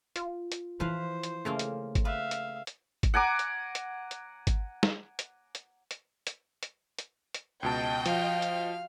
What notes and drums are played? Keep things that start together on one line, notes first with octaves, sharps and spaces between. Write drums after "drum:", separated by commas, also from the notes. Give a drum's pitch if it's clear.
F4, drum: hi-hat
drum: hi-hat
E3 F3 E4 B4 C5 F5
drum: hi-hat
C#3 A3 A#3 F4
drum: hi-hat
drum: kick G#1, hi-hat
B4 E5 F5
drum: hi-hat
drum: hi-hat
drum: kick G#1, hi-hat
F#5 G#5 A#5 D6
drum: hi-hat
drum: hi-hat
drum: hi-hat
drum: kick G#1, hi-hat
drum: snare
drum: hi-hat
drum: hi-hat
drum: hi-hat
drum: hi-hat
drum: hi-hat
drum: hi-hat
drum: hi-hat
C#2 B2 F#4 D#5 G5 A5
F3 F5, drum: hi-hat
drum: hi-hat